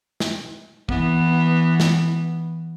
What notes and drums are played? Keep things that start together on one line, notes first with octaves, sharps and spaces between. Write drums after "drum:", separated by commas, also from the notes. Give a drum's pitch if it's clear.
drum: snare
E3 B3, drum: kick
drum: snare